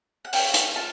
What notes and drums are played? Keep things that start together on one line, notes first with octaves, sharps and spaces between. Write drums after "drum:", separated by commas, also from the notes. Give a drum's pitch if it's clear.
F#5
C#4 G5, drum: open hi-hat
drum: hi-hat
F4 A5